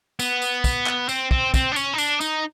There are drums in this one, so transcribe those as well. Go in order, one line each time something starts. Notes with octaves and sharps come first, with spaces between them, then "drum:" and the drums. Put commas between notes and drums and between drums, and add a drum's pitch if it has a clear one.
B3, drum: tambourine
drum: tambourine
drum: kick, tambourine
drum: clap
C4, drum: tambourine
C4, drum: kick
C4, drum: kick, tambourine
D4
C#4, drum: tambourine
D#4
D4, drum: tambourine
D#4, drum: tambourine